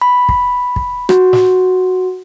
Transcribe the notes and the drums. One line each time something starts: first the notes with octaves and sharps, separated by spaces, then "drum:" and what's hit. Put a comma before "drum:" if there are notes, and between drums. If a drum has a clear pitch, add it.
B5
drum: kick
drum: kick
F#4, drum: rim click
drum: snare